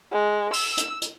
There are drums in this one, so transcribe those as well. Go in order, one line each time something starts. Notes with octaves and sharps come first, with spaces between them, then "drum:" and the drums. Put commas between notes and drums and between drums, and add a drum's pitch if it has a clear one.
G#3
E6, drum: open hi-hat
drum: hi-hat
drum: hi-hat